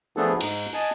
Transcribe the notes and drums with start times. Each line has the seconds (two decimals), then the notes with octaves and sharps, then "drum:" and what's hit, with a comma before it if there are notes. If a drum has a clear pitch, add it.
0.17 F3 A3 B3 D4 G#4 A4
0.41 G#2 D#4, drum: cymbal
0.74 D#5 G#5 A5